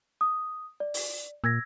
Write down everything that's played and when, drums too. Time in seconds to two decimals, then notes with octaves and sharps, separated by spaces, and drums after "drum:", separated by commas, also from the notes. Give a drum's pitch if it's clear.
0.21 D#6
0.80 D5
0.94 drum: open hi-hat
1.44 A#2 E6 G#6 A#6